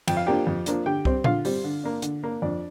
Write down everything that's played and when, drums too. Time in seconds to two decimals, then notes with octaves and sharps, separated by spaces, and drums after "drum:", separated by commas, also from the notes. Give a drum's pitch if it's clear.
0.08 F2 G5, drum: cymbal
0.17 F5
0.26 F3 A#3 D4 G4 G5
0.47 F2
0.66 F3 A#3 D4, drum: hi-hat
0.86 D3 G4 G5
1.05 G3 C4, drum: kick C2
1.24 D3 F4 F5, drum: tom A#2
1.45 G3 C4, drum: open hi-hat
1.64 D3
1.84 A#3 D4
2.02 D3, drum: hi-hat
2.23 A#3 D4
2.42 F2 D4 D5